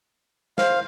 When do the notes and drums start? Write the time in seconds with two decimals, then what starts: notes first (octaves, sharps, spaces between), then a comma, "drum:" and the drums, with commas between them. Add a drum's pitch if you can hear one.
0.58 C5 F5, drum: snare